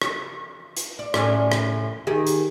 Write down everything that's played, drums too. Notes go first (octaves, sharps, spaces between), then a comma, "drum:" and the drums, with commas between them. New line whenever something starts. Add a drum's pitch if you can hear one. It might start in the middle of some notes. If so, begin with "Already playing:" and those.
drum: rim click
drum: hi-hat
D5
A2 C#4 D5, drum: rim click
drum: rim click
D#3 G4 G#4
drum: hi-hat